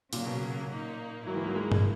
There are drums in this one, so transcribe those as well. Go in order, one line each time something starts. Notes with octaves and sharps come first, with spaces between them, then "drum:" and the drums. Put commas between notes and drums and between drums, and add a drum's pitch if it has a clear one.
A#2 C#3 F#3 A#3, drum: open hi-hat
B2
A#2 A#3 D#4
G#2 D#3 F#3 A#3 E4
E3
F#3
G#3
drum: tom G2